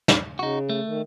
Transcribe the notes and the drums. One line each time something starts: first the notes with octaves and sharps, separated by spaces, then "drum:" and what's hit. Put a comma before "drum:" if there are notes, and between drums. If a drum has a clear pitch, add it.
drum: snare
C#3 D#4 F#4
A3
D#3